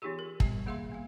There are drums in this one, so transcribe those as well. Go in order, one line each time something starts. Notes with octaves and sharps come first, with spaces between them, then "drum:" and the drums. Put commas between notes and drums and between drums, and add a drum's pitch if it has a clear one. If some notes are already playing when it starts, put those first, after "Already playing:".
E3 B3 D#4 F4 G4 G#4
A#4
G3 B3, drum: kick
D#3 A#3 G#4 E5 F5 C6
B3 F5